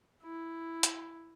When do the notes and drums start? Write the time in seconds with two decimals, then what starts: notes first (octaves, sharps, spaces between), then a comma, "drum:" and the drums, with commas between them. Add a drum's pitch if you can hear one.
0.23 E4
0.83 drum: hi-hat